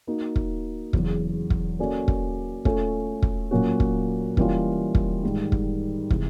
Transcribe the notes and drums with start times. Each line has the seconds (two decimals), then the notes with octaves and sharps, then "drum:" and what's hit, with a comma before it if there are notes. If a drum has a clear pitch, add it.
0.07 A#3 D#4 F#4
0.36 drum: kick
0.93 E2 C#3 F#3, drum: kick
1.50 drum: kick
1.79 A#3 C#4 F#4 A4 D5
2.08 drum: kick
2.65 A3 C#4 F4 A4, drum: kick
3.22 drum: kick
3.51 A#2 F#3 A#3 C#4 F#4
3.80 drum: kick
4.37 E3 G3 A#3 C#4 F4, drum: kick
4.95 drum: kick
5.23 G#2 D#3 G3
5.52 drum: kick
6.11 C3 E3 G#3, drum: kick